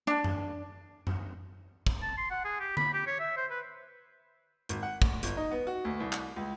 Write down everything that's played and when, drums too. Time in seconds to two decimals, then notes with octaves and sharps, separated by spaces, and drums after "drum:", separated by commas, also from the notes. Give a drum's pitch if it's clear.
0.07 D4
0.24 drum: tom F#2
1.07 drum: tom F#2
1.87 drum: kick
2.02 A5
2.18 C6
2.31 F#5
2.45 G#4
2.60 G4
2.77 B5, drum: tom D3
2.94 G4
3.07 C#5
3.20 E5
3.37 C5
3.51 B4
4.69 G#1, drum: hi-hat
4.83 F#5
5.02 D2, drum: kick
5.23 G1, drum: hi-hat
5.37 D#4
5.51 B3
5.67 F#4
5.85 D2
6.00 C2
6.12 drum: clap
6.36 C#2